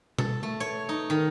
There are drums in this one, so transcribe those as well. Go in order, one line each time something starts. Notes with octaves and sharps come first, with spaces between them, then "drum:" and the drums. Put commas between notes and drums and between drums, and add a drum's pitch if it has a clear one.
A4, drum: tom B2
A3
C#5
D#4
D#3